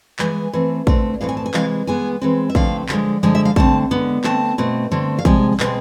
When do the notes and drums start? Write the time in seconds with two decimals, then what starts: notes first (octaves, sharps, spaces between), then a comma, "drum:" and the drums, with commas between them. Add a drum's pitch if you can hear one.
0.19 E3 G#3 B3 G#5, drum: clap
0.53 E3 A3 C4
0.87 D3 A3 C4, drum: kick
1.21 A2 E3 A3 C4 F5
1.29 G#5
1.37 A5
1.46 G#5
1.54 C3 E3 G#3 F5, drum: clap
1.87 E3 G#3 B3 G#5
2.22 E3 G#3 C4
2.50 E5
2.55 D3 F3 A3 C4 F5, drum: kick
2.89 D3 F3 G#3, drum: clap
3.23 D3 F3 G#3 G#5
3.35 E5
3.45 F5
3.56 D3 A3 C4 A5, drum: kick
3.91 D3 G#3 B3
4.24 D3 A3 C4 A5, drum: clap
4.58 B2 A3 C4
4.91 D3 A3 C4
5.19 F5
5.25 C3 F3 G#3 G#5, drum: kick
5.60 B2 G#3 C4, drum: clap